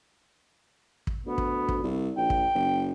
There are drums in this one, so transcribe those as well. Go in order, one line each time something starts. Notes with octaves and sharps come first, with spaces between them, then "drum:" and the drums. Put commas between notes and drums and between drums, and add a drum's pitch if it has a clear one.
drum: kick
D2 B3
drum: kick
drum: kick
C2
A#1 G5
drum: kick
F#1